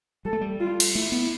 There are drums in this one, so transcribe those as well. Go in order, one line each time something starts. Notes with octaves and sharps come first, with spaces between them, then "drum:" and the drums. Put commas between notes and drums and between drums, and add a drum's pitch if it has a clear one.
G3 A4
A3
G3
F4
drum: cymbal
A3 E4
B3